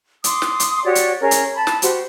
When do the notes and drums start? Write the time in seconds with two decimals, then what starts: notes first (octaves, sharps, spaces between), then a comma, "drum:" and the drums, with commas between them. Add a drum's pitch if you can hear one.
0.24 C6 D6 D#6, drum: hi-hat
0.42 drum: snare
0.60 drum: hi-hat
0.84 F#4 G4 C#5 D5
0.95 drum: hi-hat
1.20 C#4 G#4 A#4 C#5
1.31 drum: hi-hat
1.56 A5 B5
1.67 drum: snare
1.82 F#4 G4 C5, drum: hi-hat